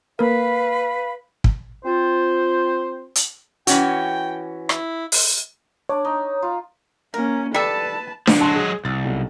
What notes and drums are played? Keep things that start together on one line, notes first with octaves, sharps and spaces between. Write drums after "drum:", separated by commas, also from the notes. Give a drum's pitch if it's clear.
A#3 A#4 B4 F5 B5
drum: kick
C4 F4 C5
drum: hi-hat
E3 C#4 F#4 G5, drum: hi-hat
E4, drum: rim click
drum: open hi-hat
D4 C#5
D#4
F4
A#3 C#4 A#4
G3 A4 B4 A5
D3 F3, drum: snare D4
D3 F#3 G#3 A5 C6
G#4
C2 A6
B1